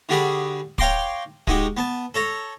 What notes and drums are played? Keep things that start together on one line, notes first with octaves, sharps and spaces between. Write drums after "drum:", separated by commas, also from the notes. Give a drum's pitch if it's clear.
D3 G3 D4 F#4 G#4 B5
C#5 F5 G5 A#5 C6 D6, drum: kick
G#3 D#4 F#4 G4, drum: kick
B3 A5
A4 C#5 A#5